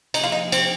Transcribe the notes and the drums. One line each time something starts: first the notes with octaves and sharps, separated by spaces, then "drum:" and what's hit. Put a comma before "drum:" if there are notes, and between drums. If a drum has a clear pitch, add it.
F3 A#3 D#4 G4, drum: cymbal
F4
D#4
C4, drum: cymbal